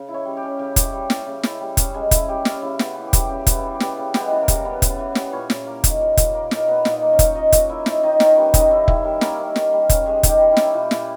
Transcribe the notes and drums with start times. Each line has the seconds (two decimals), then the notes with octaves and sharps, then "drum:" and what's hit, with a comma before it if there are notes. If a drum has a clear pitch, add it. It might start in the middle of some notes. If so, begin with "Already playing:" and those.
Already playing: C#3
0.09 E4
0.14 C#4 C#5
0.25 G3
0.37 G4
0.43 C#4
0.59 C#3 G4
0.76 E4, drum: kick, hi-hat
0.93 G3
1.10 C#4, drum: snare
1.26 C#3
1.43 E4, drum: snare
1.61 G3
1.77 C#4, drum: kick, hi-hat
1.94 C#3 G#3 G#4
2.11 E4, drum: kick, hi-hat
2.28 G3 G4
2.45 C#4, drum: snare
2.62 C#3 E4
2.79 B3, drum: snare
2.96 E3
3.07 G4
3.13 G3, drum: kick, hi-hat
3.29 C#3 G4
3.47 B3, drum: kick, hi-hat
3.52 E4
3.63 E3
3.75 G4
3.80 G3, drum: snare
3.97 C#3
4.14 B3 G4, drum: snare
4.20 G#3 G#4
4.31 E3
4.42 A#3 A#4
4.48 G3, drum: kick, hi-hat
4.65 C#3 B3 B4
4.82 B3, drum: kick, hi-hat
4.99 E3
5.15 G3, drum: snare
5.32 A#2 C#4 C#5
5.50 A#2, drum: snare
5.67 A#3
5.84 D#4, drum: kick, hi-hat
6.01 A#2
6.17 A#2, drum: kick, hi-hat
6.34 A#3
6.51 D#4, drum: snare
6.57 A#4
6.68 A#2 B3 B4
6.85 A#2, drum: snare
6.90 D#4 D#5
7.02 A#3
7.13 C#4 C#5
7.19 D#4, drum: kick, hi-hat
7.35 A#2 D#4 D#5
7.52 A#2, drum: kick, hi-hat
7.69 A#3 E4 E5
7.86 D#4, drum: snare
8.03 D#3 D#4 D#5
8.20 D#3 C#4 C#5, drum: snare
8.37 G3 B3 B4
8.54 C#4 D#4 D#5, drum: kick, hi-hat
8.71 D#3 E4 E5
8.88 D#3 E4 E5, drum: kick
9.04 G3 A#3 A#4
9.21 A#3 C#4 A#4, drum: snare
9.39 D#3
9.56 D#3, drum: snare
9.72 G3
9.89 C#4, drum: kick, hi-hat
10.06 D#3 G#3 G#4
10.23 D#3, drum: kick, hi-hat
10.29 G4
10.40 G3
10.51 E4
10.57 C#4, drum: snare
10.74 A#2 E4
10.91 A#2, drum: snare